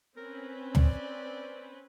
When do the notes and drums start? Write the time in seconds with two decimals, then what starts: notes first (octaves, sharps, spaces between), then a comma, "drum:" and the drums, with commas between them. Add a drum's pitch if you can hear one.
0.17 C4 C#4 A#4 B4
0.75 D5, drum: tom